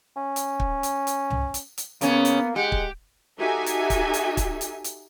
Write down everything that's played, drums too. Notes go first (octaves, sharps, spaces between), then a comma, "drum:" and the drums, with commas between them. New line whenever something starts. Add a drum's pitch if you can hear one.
C#4
drum: hi-hat
drum: kick
drum: hi-hat
drum: hi-hat
drum: tom C2
drum: hi-hat
drum: hi-hat
C#3 A#3 B3 C#4, drum: hi-hat
drum: hi-hat
G#3 G4 F#5
drum: kick
D#4 F#4 G4 A4 E5 G#5
drum: hi-hat
drum: kick, hi-hat
drum: hi-hat
drum: kick, hi-hat
drum: hi-hat
drum: hi-hat